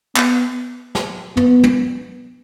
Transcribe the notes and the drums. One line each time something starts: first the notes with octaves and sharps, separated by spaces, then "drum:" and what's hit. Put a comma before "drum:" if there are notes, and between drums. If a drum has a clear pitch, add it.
B3, drum: clap
drum: snare
B3, drum: tom
drum: tom